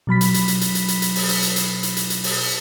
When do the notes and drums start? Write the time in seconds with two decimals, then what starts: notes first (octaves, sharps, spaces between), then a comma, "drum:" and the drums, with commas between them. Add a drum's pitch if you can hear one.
0.07 B2 F#3 B5 B6
0.21 drum: hi-hat
0.34 drum: hi-hat
0.48 drum: hi-hat
0.61 drum: hi-hat
0.75 drum: hi-hat
0.88 drum: hi-hat
1.02 drum: hi-hat
1.15 drum: open hi-hat
1.29 drum: hi-hat
1.42 drum: hi-hat
1.56 drum: hi-hat
1.83 drum: hi-hat
1.97 drum: hi-hat
2.10 drum: hi-hat
2.24 drum: open hi-hat